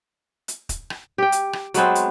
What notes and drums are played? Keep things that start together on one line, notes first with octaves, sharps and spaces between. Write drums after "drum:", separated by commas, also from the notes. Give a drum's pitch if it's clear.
drum: hi-hat
drum: kick, hi-hat
drum: rim click
G4 G5
drum: hi-hat
drum: rim click
F#3 G#3 B3 C4, drum: hi-hat
drum: hi-hat